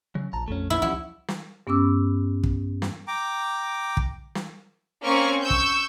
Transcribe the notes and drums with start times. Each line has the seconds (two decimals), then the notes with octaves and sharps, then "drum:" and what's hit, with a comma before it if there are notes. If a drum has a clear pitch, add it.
0.15 C#3 F#3
0.33 A#1 A5 A#5
0.48 A#1 F2 A3 C#4
0.70 A#2 B3 E4
0.82 C#2 F3 G3 C#4 E4 F#5
1.28 drum: snare
1.67 G2 B3 C#4 D6 E6
2.43 drum: kick
2.82 drum: snare
3.08 G5 A#5 D6
3.97 drum: kick
4.35 drum: snare
5.04 A#3 C4 C#4 G#5 C#6 F6
5.40 C#6 E6 G6
5.50 drum: kick